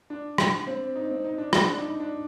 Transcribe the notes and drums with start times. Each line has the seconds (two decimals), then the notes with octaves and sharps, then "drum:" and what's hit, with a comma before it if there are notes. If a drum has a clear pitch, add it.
0.10 D4
0.38 drum: rim click
0.67 C4
0.96 D#4
1.10 C4
1.24 D#4
1.38 D4
1.53 drum: rim click
1.67 D4
1.81 D#4
2.00 D4